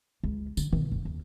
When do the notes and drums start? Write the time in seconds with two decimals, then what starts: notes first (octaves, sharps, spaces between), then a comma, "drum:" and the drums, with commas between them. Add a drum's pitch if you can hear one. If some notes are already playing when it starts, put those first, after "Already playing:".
0.23 C#2
0.57 D3, drum: tambourine
0.73 B2, drum: tom D3
0.92 F1
1.05 D#2